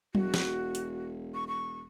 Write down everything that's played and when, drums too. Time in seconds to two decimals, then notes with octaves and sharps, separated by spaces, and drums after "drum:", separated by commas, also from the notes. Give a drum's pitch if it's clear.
0.15 E1 F#4, drum: tom F#3
0.34 drum: snare
0.75 drum: hi-hat
1.34 C#6
1.48 C#6